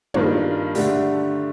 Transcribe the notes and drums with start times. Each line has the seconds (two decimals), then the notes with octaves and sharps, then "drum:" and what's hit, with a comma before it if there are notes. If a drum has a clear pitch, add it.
0.14 G2 D#3 A#3 D4 F4, drum: tom
0.75 D3 A3 D4 G4, drum: open hi-hat